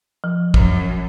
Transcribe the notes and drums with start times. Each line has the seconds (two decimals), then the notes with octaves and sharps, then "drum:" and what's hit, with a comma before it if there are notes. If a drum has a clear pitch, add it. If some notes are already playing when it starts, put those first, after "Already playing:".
0.24 F3
0.54 F#2, drum: kick